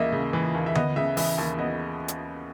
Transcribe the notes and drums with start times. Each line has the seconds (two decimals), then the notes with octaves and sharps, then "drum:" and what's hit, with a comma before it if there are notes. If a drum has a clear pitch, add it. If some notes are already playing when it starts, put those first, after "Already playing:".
Already playing: D#2 C#3 E3 A#3 D#5 E5
0.12 C#3
0.33 E3
0.54 D#2
0.66 E5
0.75 B3 D#5, drum: tom D3
0.96 C#3 E5
1.17 E3 E5, drum: open hi-hat
1.38 D#2 E5
1.59 B3 D#5
2.08 drum: hi-hat